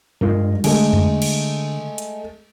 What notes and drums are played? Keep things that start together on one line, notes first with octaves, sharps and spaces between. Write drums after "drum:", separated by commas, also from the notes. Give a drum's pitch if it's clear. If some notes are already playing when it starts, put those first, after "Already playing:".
G2 G#3 F4 A#4
D3 G#3 A3, drum: cymbal
drum: tom E2
drum: cymbal
drum: hi-hat